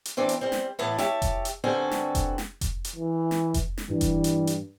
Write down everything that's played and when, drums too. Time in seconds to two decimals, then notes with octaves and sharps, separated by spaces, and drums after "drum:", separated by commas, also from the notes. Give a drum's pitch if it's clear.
0.05 drum: hi-hat
0.17 E3 C4 D4 D5
0.29 drum: hi-hat
0.41 G3 C4
0.52 drum: snare
0.79 A2 E3 B3 E4 A5
0.98 G4 C#5 E5 A5, drum: snare
1.22 drum: kick F1, hi-hat
1.45 drum: hi-hat
1.64 G2 D3 C4 F#4 A4 G#5
1.91 drum: snare
2.15 drum: kick F1, hi-hat
2.38 drum: snare
2.61 drum: kick F1, hi-hat
2.85 drum: hi-hat
2.96 E3
3.31 drum: snare
3.54 drum: kick F1, hi-hat
3.78 drum: snare
3.89 G2 E3 G3
4.01 drum: kick F1, hi-hat
4.24 drum: hi-hat
4.47 drum: hi-hat